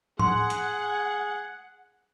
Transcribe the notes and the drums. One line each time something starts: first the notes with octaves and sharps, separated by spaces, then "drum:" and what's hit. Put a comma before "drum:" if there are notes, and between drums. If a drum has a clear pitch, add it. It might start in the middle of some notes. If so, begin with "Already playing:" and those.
G#4 F#5 C6, drum: tom A2
drum: hi-hat